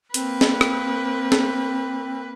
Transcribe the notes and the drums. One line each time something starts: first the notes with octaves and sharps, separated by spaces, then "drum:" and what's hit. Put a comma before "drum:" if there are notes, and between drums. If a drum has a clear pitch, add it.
A#3 C4 B4, drum: hi-hat
drum: snare
drum: rim click
drum: snare